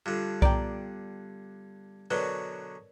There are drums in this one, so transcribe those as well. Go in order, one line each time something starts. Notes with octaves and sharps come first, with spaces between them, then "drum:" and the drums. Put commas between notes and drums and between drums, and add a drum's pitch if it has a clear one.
G2 D3 F4
B3 G4 D5 G5 A#5, drum: kick B1
B2 D3 F#3 A#4 B4 C#5 D5